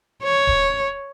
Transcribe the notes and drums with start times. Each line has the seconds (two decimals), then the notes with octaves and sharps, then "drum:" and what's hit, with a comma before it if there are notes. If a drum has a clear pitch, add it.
0.23 C#5
0.47 drum: kick D1